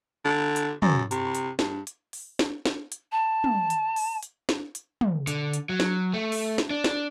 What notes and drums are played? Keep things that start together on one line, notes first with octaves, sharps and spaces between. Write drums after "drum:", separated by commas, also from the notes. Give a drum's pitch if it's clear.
D3
drum: hi-hat
F#2, drum: tom
C3, drum: hi-hat
drum: hi-hat
G2, drum: snare
drum: hi-hat
drum: open hi-hat
drum: snare
drum: snare
drum: hi-hat
A5
drum: tom
drum: hi-hat
drum: open hi-hat
drum: hi-hat
drum: snare
drum: hi-hat
drum: tom
D3, drum: hi-hat
drum: hi-hat
F#3
drum: snare
A3
drum: open hi-hat
drum: snare
D4
drum: snare